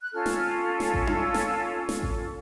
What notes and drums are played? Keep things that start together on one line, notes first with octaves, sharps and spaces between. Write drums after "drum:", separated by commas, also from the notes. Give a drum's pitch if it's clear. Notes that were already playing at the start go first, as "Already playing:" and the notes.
F#6
C#4 F4 A4 F6
drum: snare
drum: snare
drum: kick A1
drum: tom D4
E6
drum: snare
drum: snare
drum: kick A1